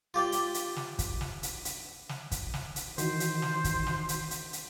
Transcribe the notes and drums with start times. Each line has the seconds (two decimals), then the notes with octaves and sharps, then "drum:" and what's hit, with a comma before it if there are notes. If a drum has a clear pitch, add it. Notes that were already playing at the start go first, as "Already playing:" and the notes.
0.14 F4 G4 D5 G5
0.32 drum: hi-hat
0.54 drum: hi-hat
0.76 drum: snare
0.99 drum: kick, hi-hat
1.21 drum: snare
1.43 drum: hi-hat
1.65 drum: hi-hat
2.09 drum: snare
2.31 drum: kick, hi-hat
2.54 drum: snare
2.76 drum: hi-hat
2.98 D#3 E3 D#4 F#4 C5, drum: hi-hat
3.20 drum: hi-hat
3.42 drum: snare
3.64 drum: kick, hi-hat
3.86 drum: snare
4.09 drum: hi-hat
4.31 drum: hi-hat
4.53 drum: hi-hat